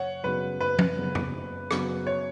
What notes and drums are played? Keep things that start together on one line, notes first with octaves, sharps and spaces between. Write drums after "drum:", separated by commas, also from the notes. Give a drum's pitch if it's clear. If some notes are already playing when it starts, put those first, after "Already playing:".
Already playing: F#1 C#5 F#5
F#2 C#3 B3 F#4 B4
F#1 B4
drum: tom F3
F#2 C#3 B3 F#4
drum: tom
F#1
F#2 C#3 B3 F#4, drum: rim click
C#5